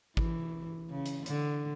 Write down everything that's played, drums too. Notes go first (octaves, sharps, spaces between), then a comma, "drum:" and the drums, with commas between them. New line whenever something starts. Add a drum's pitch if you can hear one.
E3, drum: kick G#1
C#3
drum: hi-hat
D3, drum: hi-hat